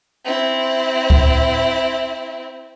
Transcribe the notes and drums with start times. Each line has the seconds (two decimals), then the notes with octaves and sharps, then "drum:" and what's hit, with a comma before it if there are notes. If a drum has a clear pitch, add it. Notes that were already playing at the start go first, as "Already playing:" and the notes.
0.25 C4 E4
1.10 drum: kick C#2